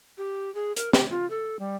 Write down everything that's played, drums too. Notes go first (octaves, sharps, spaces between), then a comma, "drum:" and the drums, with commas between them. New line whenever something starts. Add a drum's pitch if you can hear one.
G4
G#4
A#4, drum: hi-hat
G4, drum: snare
F4
A4
G3